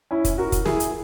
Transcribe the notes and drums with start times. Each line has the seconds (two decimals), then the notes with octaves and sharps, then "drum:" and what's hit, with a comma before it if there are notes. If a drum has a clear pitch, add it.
0.11 C#4 E4
0.25 drum: kick, hi-hat
0.38 F#4 A#4
0.52 drum: kick, hi-hat
0.65 E4 G#4, drum: snare
0.80 drum: hi-hat